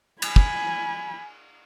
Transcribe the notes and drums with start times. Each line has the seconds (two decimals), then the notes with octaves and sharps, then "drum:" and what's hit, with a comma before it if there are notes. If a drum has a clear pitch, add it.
0.22 G#5 B5, drum: cymbal
0.36 drum: kick